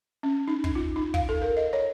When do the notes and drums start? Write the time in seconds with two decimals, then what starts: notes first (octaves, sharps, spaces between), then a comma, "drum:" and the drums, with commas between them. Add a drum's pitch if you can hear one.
0.23 C#4
0.48 D#4
0.64 D#4, drum: kick
0.75 F4
0.96 D#4
1.14 F5, drum: kick
1.29 A4
1.42 A#4
1.57 D#5
1.73 C#5